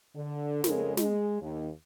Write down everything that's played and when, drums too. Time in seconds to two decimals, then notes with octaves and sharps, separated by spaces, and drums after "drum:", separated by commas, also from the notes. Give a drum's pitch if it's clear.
0.15 D3
0.64 F2 C#3 G#3 A4 A#4, drum: snare
0.97 G#3, drum: snare
1.41 D#2